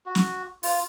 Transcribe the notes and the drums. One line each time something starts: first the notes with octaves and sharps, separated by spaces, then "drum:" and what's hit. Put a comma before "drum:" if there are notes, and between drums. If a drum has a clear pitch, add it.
F#4
drum: snare
F4, drum: open hi-hat